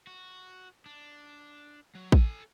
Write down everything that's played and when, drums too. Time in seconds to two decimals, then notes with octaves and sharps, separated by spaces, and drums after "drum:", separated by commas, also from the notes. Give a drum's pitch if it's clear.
0.07 F#4
0.86 D4
1.95 F#3
2.12 A4 G#5, drum: kick